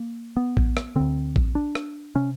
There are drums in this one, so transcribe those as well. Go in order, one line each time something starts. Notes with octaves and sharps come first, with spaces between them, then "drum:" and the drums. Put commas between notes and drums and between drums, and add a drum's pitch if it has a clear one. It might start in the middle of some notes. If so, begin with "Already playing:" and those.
Already playing: A#3
B3
drum: kick A#1
drum: rim click
D2 D3 C4
drum: kick A#1
D4
drum: rim click
C3 C#4